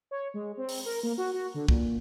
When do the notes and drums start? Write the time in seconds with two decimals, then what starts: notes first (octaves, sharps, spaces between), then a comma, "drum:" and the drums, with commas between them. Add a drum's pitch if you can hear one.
0.11 C#5
0.34 G#3
0.57 C4
0.69 drum: open hi-hat
0.86 A#4
1.03 A#3
1.18 F#4
1.33 F#4
1.54 D3
1.68 A#2, drum: kick